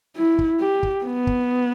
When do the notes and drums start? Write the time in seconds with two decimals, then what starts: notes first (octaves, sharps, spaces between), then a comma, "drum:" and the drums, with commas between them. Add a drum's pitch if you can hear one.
0.17 E4
0.39 drum: kick
0.60 G4
0.83 drum: kick
1.05 B3
1.27 drum: kick